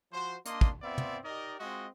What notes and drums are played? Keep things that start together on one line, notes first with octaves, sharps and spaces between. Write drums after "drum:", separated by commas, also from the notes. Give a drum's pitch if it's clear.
F3 F#4 C5
A#3 D4 D5 D#5 C6, drum: hi-hat
drum: kick
B3 C4 F4 D5 E5
drum: tom
D#4 G4 A#4 D5 D#5
G#3 C4 F4 F#4 D#5